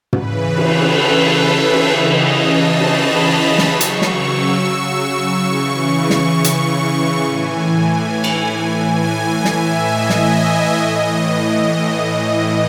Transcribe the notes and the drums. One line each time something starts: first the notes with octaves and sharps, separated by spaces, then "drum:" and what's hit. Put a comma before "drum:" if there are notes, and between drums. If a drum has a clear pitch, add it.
C#3 E3 B4, drum: tom
A4, drum: cymbal
drum: cymbal
B4
E5
drum: cymbal
C#3 E3 D#5
A5
B5, drum: cymbal
drum: snare
C#3 F#3 C#6
drum: hi-hat
drum: snare
E6
C#3 E3 C#6
drum: snare
drum: hi-hat
A2 E3 G#5
G#5
drum: cymbal
A2 E3 G#5
E5, drum: snare
D#5
drum: snare
A2 E3